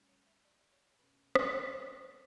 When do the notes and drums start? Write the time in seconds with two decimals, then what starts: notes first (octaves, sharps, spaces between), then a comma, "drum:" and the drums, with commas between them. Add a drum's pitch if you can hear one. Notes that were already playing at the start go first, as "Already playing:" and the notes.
Already playing: A2 G3 C#4
0.09 C#5
0.27 E5
0.45 D5
0.72 C#5
0.99 B2 A3 C#4 B4
1.35 drum: rim click
1.53 C#5
1.67 B4
1.80 G4
1.95 F#4
2.08 C#3 G3 B3